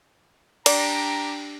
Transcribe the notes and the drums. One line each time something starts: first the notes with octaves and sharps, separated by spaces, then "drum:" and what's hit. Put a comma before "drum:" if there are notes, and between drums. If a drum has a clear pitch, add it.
D4 G4 D5 A#5, drum: cymbal